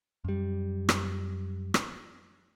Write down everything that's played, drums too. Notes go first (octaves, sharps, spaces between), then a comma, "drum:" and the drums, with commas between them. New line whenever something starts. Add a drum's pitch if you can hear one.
F#2 G3
drum: rim click
drum: rim click